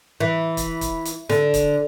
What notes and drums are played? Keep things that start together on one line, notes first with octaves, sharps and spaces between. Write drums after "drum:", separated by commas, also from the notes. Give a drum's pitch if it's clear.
E3
drum: kick, hi-hat
drum: kick, hi-hat
drum: hi-hat
D3, drum: snare
drum: kick, hi-hat